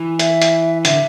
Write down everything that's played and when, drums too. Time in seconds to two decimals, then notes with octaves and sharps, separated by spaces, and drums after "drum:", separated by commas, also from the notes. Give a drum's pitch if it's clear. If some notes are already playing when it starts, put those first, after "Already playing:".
Already playing: E3
0.19 E5, drum: hi-hat
0.42 drum: hi-hat
0.85 D3 E5, drum: hi-hat